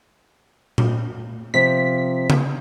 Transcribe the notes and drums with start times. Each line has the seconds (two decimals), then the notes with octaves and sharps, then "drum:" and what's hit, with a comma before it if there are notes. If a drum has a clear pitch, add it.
0.78 drum: tom A#2
1.54 C3 F3 B6
2.30 drum: tom C#3